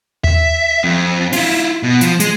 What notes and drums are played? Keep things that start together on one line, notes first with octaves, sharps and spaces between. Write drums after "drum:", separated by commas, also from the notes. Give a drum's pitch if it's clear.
E5, drum: tom D#2
F2
E4 F4, drum: open hi-hat
B2
F3, drum: hi-hat
G#3, drum: hi-hat